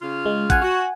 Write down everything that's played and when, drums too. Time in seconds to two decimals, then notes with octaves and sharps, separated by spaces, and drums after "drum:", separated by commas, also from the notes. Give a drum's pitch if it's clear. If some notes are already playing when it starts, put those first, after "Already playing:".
0.02 C#3 F4 F5
0.26 G#3
0.50 F#5 G#5, drum: kick A1, hi-hat
0.62 F#4